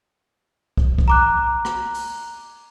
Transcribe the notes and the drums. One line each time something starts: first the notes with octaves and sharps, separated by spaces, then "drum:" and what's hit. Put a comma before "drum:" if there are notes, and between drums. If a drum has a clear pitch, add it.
drum: kick
drum: kick
A#5 D6 F#6
drum: rim click
drum: open hi-hat